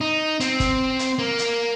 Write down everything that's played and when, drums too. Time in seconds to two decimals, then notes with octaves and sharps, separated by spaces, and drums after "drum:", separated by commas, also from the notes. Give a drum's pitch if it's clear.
0.01 D#4
0.40 C4, drum: hi-hat
0.60 drum: kick, hi-hat
0.99 drum: hi-hat
1.19 A#3
1.39 drum: hi-hat